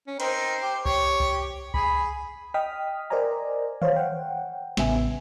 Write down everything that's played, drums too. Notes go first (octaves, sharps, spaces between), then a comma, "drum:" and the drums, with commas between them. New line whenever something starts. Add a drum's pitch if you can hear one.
C#4
C4 D#4 A#4 C5, drum: cymbal
G4
G4 C#5, drum: kick C2
drum: kick C2
G#4 B5, drum: kick C2
D#5 G5 D#6 F6 B6
A#4 C5 D5 D#5 G#5 A#5
C5 C#5 F5, drum: tom D#3
F#5 G5
A1 C#3 B3 E5 G#5, drum: snare